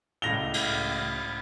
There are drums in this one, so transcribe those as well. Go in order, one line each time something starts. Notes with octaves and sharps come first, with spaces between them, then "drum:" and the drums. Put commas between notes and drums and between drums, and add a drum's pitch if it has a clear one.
C#2 A2 A#6 F7 G7
drum: cymbal